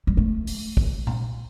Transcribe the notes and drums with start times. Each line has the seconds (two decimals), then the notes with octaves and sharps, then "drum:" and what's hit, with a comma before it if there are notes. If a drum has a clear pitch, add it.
0.07 G3
0.17 A3
0.47 drum: open hi-hat
0.77 drum: kick
1.07 drum: tom A#2